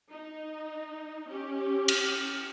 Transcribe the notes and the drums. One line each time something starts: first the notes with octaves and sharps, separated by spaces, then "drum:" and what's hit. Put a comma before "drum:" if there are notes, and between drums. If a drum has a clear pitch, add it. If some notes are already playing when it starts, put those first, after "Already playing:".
D#4
C#4 G4
drum: cymbal